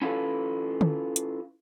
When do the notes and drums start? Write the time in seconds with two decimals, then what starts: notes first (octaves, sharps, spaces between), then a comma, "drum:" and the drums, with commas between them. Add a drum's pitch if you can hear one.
0.02 C#4 E4 F4 G4 A4 B4
0.81 drum: tom
1.16 drum: hi-hat